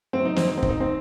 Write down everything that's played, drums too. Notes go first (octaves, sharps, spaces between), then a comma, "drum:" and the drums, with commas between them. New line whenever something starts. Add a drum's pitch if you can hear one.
F#2 C4
D#4
D#3 C4, drum: snare
D#4
C4
D#3, drum: kick
D#4
C4